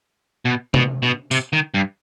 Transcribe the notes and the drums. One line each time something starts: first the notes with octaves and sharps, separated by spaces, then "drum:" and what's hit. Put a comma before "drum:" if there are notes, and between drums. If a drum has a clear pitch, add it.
B2
B2, drum: tom C3
B2
C3, drum: tambourine
D#3
G2